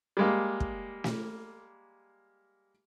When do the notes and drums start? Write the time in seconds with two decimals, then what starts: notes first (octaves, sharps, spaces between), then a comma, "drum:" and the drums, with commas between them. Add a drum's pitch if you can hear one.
0.17 G3 G#3 A#3
0.60 drum: kick
1.04 drum: snare